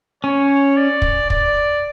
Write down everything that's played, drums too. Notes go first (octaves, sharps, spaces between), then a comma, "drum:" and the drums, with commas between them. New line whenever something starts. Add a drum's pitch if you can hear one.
C#4 C#5
D5
drum: kick
D5, drum: kick